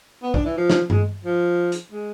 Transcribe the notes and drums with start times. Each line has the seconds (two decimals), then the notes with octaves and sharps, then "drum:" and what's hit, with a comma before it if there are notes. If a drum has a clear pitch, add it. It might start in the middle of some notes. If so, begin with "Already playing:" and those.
0.23 B3
0.34 D4, drum: kick
0.45 E3
0.57 F3
0.70 drum: snare
0.90 G#3, drum: tom G2
1.25 F3
1.72 drum: hi-hat
1.92 G#3